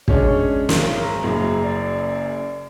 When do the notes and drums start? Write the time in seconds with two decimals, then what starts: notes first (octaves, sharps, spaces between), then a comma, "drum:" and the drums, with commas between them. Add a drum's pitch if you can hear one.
0.08 G#3 C#4 D4 C#5, drum: kick
0.69 G#1 A#4, drum: snare
1.01 A#5
1.23 F#1 F#2 C#3
1.63 D5